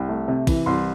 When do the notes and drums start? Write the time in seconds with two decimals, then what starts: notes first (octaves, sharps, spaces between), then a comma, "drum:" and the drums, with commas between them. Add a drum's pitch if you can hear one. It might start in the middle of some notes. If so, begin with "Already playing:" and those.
Already playing: C2 G5
0.09 A3
0.28 C3
0.47 E3, drum: kick, cymbal
0.66 C2 C6